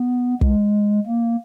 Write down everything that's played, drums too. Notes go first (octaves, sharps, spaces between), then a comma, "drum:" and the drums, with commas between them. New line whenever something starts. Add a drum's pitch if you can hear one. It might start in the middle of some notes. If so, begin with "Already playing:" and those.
Already playing: B3
G#3, drum: kick
A#3